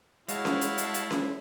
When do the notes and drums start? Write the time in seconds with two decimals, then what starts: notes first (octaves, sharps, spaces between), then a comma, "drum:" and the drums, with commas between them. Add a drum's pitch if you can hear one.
0.28 G#3 E4 F#4 C#5 F5 A5, drum: hi-hat
0.45 drum: snare C#4
0.61 drum: hi-hat
0.78 drum: hi-hat
0.94 drum: hi-hat
1.11 drum: snare C#4